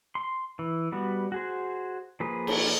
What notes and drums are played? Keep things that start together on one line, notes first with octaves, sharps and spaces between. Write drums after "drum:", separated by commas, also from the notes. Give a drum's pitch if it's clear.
C6
E3
G3 B3 F#4
F#4 G#4 C5
F3 A#3 G#4 B4
drum: cymbal